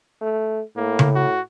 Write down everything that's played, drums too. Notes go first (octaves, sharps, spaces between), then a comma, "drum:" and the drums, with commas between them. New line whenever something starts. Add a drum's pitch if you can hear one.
A3
A2 A#3
drum: tom C#3
F#4